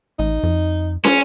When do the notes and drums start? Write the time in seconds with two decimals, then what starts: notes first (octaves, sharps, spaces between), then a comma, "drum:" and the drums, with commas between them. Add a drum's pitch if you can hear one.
0.19 A1 D#4
0.43 F2
1.04 C#4 C5, drum: snare